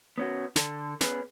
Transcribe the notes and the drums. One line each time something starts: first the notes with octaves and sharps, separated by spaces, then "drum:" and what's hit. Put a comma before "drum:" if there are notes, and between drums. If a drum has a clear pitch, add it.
B3 C#4 F#4
D3 A4, drum: snare
B3 C#4 G#4 B4, drum: snare